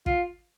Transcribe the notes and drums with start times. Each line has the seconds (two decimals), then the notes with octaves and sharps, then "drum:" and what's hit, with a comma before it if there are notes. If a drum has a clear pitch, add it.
0.06 F4, drum: kick